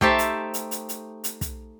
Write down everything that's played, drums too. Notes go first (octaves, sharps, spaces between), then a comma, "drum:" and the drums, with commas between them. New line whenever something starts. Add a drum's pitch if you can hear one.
A3 D#4 G4 C5 E5 A5, drum: kick
drum: hi-hat
drum: hi-hat
drum: hi-hat
drum: hi-hat
drum: hi-hat
drum: kick, hi-hat